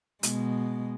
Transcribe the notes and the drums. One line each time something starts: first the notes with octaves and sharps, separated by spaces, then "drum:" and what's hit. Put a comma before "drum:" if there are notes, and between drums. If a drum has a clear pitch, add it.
B2 G#3, drum: hi-hat